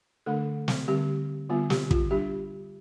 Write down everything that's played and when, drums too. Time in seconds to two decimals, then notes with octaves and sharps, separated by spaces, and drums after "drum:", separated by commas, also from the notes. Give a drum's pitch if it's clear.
0.26 D3 A3 D4 A4
0.68 drum: snare
0.88 D3 G3 C4 G4
1.49 D3 G3 B3 F4
1.70 G4, drum: snare
1.91 F4, drum: kick
2.11 G3 D4 G4